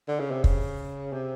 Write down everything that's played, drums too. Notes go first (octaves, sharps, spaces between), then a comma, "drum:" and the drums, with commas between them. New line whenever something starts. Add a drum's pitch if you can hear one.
D3
C#3
C3
C#3, drum: kick
C3